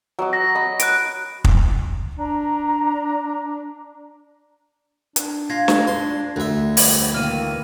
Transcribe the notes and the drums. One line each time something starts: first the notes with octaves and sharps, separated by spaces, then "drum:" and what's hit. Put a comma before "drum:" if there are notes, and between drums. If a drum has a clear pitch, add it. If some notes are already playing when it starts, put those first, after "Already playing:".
F#3 D#5 D6
A#6
D#5 B5
F#6 D7, drum: hi-hat
drum: kick
D4 A#5
D4, drum: hi-hat
F4 G#6 A#6 C7
drum: snare
C6
D2 A3 E5
F2 G3 B5, drum: open hi-hat
D#3 E3 A#3 F6 D#7